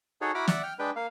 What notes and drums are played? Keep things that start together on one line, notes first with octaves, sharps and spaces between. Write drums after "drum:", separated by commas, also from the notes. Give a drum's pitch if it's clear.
D#4 F#4 G#4 A4 C#5
E4 F#4 A#5 B5 D6 F6
D5 E5 F#5, drum: snare
G5 F6
G#3 D4 B4 G5
A#3 F5